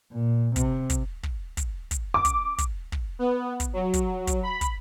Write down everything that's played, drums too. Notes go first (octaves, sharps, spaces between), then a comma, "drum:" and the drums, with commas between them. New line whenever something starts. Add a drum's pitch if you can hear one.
A#2
C3, drum: kick, hi-hat
drum: kick, hi-hat
drum: kick
drum: kick, hi-hat
drum: kick, hi-hat
D6
drum: kick, hi-hat
drum: kick, hi-hat
drum: kick
B3
drum: kick, hi-hat
F#3
drum: kick, hi-hat
drum: kick, hi-hat
B5
drum: kick, hi-hat